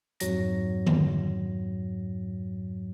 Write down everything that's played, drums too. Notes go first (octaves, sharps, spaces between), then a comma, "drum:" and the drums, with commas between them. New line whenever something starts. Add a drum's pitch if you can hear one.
F2 G#2 F#3 A#6, drum: hi-hat
drum: tom D3